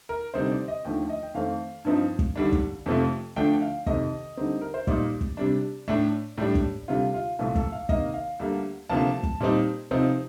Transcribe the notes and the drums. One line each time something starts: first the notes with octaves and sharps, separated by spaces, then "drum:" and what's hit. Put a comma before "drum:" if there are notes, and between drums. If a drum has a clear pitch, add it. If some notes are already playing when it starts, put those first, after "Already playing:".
A#4
D2 C3 G3 C4 D#4 C5
D5
D#5
D#2 D3 F3 A3 G5
D#5
G5
F2 D#3 A3 C4 F5
G2 F3 C4 D#4
drum: kick
D#2 D3 G3 D4
drum: kick
F2 C3 F3 A3
D2 D3 F3 A3 D4 G5
F5
F2 C3 D#3 D#5, drum: kick
D2 D3 G3 C4 D#4
A#4
C5
A#2 G3 A#3 D#4 D5, drum: kick
drum: kick
C3 G3 D4
A2 A3 D4
A2 G3 D4
drum: kick
D2 C3 G3 F4
F4
C2 A#2 F3 A3 F4
A4, drum: kick
F5
C3 D#3 A#3 D#5, drum: kick
F5
D2 D3 G3 A#3
D2 C3 F3 A#3 A5
drum: kick
A#2 G3 C4 D#4
C3 F3 C4 D#4